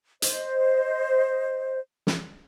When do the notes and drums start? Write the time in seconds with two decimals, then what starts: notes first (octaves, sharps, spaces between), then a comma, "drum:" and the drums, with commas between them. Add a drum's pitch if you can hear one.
0.22 C5 D#5, drum: hi-hat
2.07 drum: snare